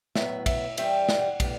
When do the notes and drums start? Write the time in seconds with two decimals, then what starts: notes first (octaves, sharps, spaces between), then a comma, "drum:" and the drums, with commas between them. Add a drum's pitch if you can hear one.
0.16 A2 F#3 B3 E5, drum: snare
0.46 E5, drum: kick, cymbal
0.78 G2 E3 G3 C4 E5, drum: cymbal
1.09 drum: snare
1.20 F#5
1.40 A2 G3 B3, drum: kick, cymbal